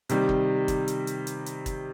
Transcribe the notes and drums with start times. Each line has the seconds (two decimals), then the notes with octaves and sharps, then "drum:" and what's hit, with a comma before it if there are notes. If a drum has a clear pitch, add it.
0.09 C3 D#3 G3, drum: hi-hat
0.29 drum: kick
0.68 drum: kick, hi-hat
0.88 drum: hi-hat
1.07 drum: hi-hat
1.27 drum: hi-hat
1.46 drum: hi-hat
1.66 drum: kick, hi-hat